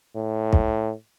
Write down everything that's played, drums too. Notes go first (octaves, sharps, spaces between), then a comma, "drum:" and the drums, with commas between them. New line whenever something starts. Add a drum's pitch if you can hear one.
A2
drum: kick